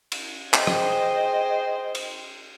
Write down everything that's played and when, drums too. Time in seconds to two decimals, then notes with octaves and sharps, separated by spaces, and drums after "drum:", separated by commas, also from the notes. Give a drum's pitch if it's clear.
0.12 drum: cymbal
0.54 G#4 C5 D#5 G5, drum: clap
0.67 drum: rim click
1.95 drum: cymbal